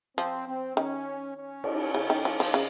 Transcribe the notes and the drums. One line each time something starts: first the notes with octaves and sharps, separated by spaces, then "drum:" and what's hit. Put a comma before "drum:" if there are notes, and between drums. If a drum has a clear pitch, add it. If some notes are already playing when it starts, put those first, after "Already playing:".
F3 C4
C4
D#3 C#4
C#4
drum: cymbal
C#3
D#3
F3
F3, drum: open hi-hat
C#3